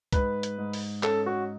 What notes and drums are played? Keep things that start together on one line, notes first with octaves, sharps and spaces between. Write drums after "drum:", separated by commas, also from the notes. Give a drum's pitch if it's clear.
G#2 B4, drum: kick, hi-hat
drum: hi-hat
G#2
drum: open hi-hat
C#4 A4, drum: clap
F#4